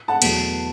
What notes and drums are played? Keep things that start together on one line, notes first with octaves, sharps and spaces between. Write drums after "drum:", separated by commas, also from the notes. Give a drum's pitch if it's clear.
F#5 A5
E2 B2 F#3 A3, drum: cymbal